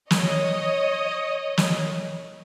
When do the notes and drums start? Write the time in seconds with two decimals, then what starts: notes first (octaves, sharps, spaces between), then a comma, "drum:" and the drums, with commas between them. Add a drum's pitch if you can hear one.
0.11 C#5 D#5, drum: snare
1.57 drum: snare